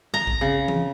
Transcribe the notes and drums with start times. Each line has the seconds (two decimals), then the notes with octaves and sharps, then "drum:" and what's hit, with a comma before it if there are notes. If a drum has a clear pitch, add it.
0.14 A#5
0.27 drum: kick
0.41 C#3
0.68 drum: tom E3